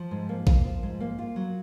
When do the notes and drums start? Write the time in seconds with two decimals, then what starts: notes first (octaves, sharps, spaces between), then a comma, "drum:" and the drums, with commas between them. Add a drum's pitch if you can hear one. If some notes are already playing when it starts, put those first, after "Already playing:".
Already playing: F3
0.11 G#2
0.29 A#3
0.47 F4, drum: kick A#1
0.65 F3
0.83 G#2
1.00 A#3
1.18 F4
1.36 F#3